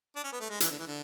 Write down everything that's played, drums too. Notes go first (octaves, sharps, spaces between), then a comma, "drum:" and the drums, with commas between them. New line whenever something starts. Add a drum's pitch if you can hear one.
D4
C#4
B3
A3
G#3
E3, drum: hi-hat
D3
E3
D3